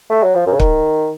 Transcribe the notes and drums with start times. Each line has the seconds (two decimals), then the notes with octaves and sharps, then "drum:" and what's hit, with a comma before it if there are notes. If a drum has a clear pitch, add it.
0.10 A3
0.23 F#3
0.35 F3
0.47 F#2
0.53 C#3
0.60 D#3, drum: kick